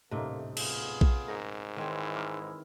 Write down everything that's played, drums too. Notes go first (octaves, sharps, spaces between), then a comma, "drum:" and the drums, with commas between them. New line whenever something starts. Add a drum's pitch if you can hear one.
D#1 A1 C3 A3 A#3 D#4
B3 F4 G#4, drum: cymbal
drum: kick A#1
G#2 A#4
D#3 E3 G#3 C4 E4 C#5
A#5 D6 F6